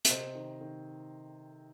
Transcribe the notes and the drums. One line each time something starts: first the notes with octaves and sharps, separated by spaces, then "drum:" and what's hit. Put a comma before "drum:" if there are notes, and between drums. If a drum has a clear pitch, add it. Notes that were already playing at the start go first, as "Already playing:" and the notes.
E5, drum: hi-hat
C3 C5 D#5
D#3
D#3